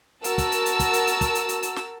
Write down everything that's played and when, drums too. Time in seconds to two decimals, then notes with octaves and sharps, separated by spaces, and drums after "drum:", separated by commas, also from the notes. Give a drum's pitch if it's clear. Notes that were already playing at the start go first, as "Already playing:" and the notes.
0.24 F#4 A#4 A5 E6, drum: hi-hat
0.38 drum: kick, hi-hat
0.52 drum: hi-hat
0.66 drum: hi-hat
0.80 drum: kick, hi-hat
0.93 drum: hi-hat
1.07 drum: hi-hat
1.21 drum: kick, hi-hat
1.35 drum: hi-hat
1.49 drum: hi-hat
1.63 drum: hi-hat
1.76 drum: snare